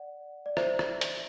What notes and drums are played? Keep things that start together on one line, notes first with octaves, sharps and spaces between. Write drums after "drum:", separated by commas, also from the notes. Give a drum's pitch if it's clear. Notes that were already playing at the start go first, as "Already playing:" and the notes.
Already playing: D5 F#5
D5
C5 E5, drum: rim click
drum: rim click
drum: hi-hat